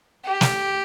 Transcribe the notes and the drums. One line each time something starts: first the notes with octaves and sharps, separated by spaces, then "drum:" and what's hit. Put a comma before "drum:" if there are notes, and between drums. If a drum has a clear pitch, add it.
G4
drum: snare